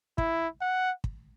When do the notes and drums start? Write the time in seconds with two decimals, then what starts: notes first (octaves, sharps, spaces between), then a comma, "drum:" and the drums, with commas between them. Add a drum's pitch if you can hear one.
0.18 E4, drum: kick
0.61 F#5
1.04 drum: kick